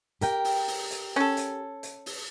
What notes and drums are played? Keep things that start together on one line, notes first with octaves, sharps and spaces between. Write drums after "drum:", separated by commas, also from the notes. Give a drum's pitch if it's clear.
G4 A#4 G5, drum: hi-hat
drum: open hi-hat
drum: open hi-hat
drum: hi-hat
C#4 A4
drum: hi-hat
drum: hi-hat
drum: open hi-hat